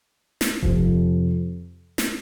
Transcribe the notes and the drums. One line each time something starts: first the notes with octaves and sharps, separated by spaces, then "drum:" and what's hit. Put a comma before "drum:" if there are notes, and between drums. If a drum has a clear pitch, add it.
drum: snare
F2 C3 F3, drum: kick D#1
drum: snare